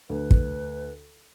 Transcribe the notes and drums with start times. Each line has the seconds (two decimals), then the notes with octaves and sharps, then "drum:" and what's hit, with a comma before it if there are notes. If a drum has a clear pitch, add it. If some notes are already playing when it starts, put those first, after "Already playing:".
0.09 D2 B4
0.31 drum: kick